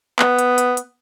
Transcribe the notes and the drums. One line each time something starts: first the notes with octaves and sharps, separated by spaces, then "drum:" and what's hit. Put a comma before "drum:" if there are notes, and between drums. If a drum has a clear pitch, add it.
B3, drum: clap
drum: hi-hat
drum: hi-hat
drum: hi-hat